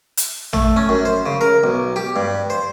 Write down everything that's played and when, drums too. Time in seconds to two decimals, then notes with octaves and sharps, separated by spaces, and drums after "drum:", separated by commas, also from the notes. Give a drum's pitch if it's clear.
0.17 drum: hi-hat
0.53 A3, drum: tom A1
0.76 C#4
0.89 F#2
1.05 C5
1.26 C#3
1.41 A#4
1.64 B1
1.96 G4
2.16 G2
2.50 C5